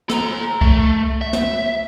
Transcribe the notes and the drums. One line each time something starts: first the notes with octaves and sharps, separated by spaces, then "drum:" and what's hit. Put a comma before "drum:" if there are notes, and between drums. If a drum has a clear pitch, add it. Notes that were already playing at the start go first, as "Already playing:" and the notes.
A4 A#5, drum: snare
A3, drum: kick C2
E5
drum: snare